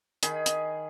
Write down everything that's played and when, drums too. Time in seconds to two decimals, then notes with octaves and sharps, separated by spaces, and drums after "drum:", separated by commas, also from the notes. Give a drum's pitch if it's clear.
0.23 D#3 G#4 B5, drum: hi-hat
0.46 drum: hi-hat